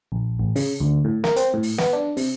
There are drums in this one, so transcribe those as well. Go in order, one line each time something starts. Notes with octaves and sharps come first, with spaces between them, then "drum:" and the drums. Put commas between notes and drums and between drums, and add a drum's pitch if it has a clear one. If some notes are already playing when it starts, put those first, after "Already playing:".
A#1
A1
C#3, drum: open hi-hat
D2
A2
A#3, drum: snare
C4, drum: hi-hat
A2
drum: open hi-hat
B3, drum: snare
D4
C3, drum: open hi-hat